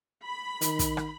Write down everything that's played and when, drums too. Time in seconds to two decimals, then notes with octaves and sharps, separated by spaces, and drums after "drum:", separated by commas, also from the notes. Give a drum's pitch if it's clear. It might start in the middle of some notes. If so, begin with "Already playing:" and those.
0.24 B5
0.61 D#3, drum: hi-hat
0.79 drum: kick, hi-hat
0.97 drum: rim click